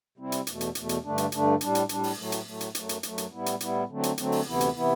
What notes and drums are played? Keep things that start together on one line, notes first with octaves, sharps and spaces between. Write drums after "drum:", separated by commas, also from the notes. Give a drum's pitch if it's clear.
C3 G3 C4 E4
drum: hi-hat
E2 B2 A3, drum: hi-hat
drum: hi-hat
E2 B2 A3, drum: hi-hat
drum: hi-hat
G2 D3 A3 D4
drum: hi-hat
G2 D3 A3 D4, drum: hi-hat
A2 G3 D4, drum: hi-hat
drum: hi-hat
A2 G3 D4, drum: hi-hat
drum: open hi-hat
A2 F#3 A3
drum: hi-hat
A2 F#3 A3
drum: hi-hat
F#2 F#3 A3, drum: hi-hat
drum: hi-hat
F#2 F#3 A3, drum: hi-hat
drum: hi-hat
A2 G3 B3 E4
drum: hi-hat
A2 G3 B3 E4, drum: hi-hat
D3 F#3 A3 C4
drum: hi-hat
D3 F#3 A3 C4, drum: hi-hat
drum: open hi-hat
D2 C3 E3 B3 E4
drum: hi-hat
C3 E3 B3 E4